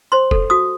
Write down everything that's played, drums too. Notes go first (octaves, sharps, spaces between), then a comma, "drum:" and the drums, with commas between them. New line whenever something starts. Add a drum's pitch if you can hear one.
C5 C6
A4, drum: kick F1
F#4 D#6